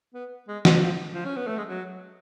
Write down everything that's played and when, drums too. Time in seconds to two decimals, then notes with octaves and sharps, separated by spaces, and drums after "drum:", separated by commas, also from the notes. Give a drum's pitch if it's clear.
0.14 B3
0.48 G#3
0.65 drum: snare
0.75 D3
0.81 F3
1.14 F3
1.25 C#4
1.36 B3
1.47 A3
1.58 G#3
1.69 F#3